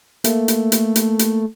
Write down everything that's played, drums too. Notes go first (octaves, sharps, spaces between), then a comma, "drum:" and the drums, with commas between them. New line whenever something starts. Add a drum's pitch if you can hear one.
A3 A#3, drum: hi-hat
drum: hi-hat
drum: hi-hat
drum: hi-hat
drum: hi-hat